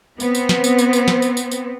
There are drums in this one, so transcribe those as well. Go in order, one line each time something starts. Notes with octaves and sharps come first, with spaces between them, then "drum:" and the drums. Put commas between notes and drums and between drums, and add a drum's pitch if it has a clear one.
B3 C4, drum: tambourine
drum: tambourine
drum: snare
drum: tambourine
drum: tambourine
drum: tambourine
drum: snare
drum: tambourine
drum: tambourine
drum: tambourine